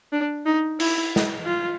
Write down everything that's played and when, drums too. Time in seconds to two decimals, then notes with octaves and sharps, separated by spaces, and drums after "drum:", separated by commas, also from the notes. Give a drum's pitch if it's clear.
0.12 D4
0.46 D#4
0.80 E4, drum: cymbal
1.16 drum: snare
1.45 F4